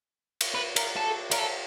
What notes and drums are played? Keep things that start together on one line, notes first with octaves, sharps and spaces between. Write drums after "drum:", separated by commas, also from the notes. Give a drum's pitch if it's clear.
drum: cymbal
B4
A#4, drum: cymbal
A4
A#4, drum: cymbal
A4